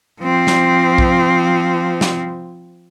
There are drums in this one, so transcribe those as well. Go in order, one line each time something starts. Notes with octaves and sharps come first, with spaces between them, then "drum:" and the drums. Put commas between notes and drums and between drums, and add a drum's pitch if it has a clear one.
F3 C4
drum: snare
drum: kick B1
drum: snare